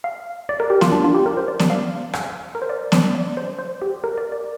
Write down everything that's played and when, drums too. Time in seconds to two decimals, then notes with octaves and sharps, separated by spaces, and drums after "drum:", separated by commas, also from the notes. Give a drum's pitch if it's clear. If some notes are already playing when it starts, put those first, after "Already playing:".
0.04 F5
0.49 D5
0.60 A#4
0.70 G4
0.81 F4, drum: snare B3
0.92 D4
1.04 F4
1.15 G4
1.26 A#4
1.37 C5
1.48 D5
1.59 D5, drum: snare B3
1.70 F5
2.13 drum: rim click
2.55 A#4
2.62 C5
2.70 D5
2.92 D5, drum: snare B3
3.15 D5
3.37 C5
3.59 C5
3.82 G4
4.04 A#4
4.18 D5
4.32 D5